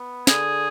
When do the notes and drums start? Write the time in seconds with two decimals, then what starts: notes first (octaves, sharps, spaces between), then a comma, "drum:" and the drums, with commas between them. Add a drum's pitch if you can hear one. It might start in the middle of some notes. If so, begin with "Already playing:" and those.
Already playing: B3
0.27 D3 G#4, drum: snare